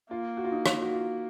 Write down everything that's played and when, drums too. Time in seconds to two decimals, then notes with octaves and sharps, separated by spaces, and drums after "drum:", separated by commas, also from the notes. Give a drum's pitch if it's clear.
0.11 A#3 F4
0.37 F#4
0.45 F4
0.52 D#4
0.66 drum: rim click
0.82 F#4
0.93 F4